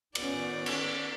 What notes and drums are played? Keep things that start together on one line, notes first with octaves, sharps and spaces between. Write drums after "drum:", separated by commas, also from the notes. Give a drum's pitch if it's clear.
D#3 B3 C#4 D5, drum: cymbal
drum: cymbal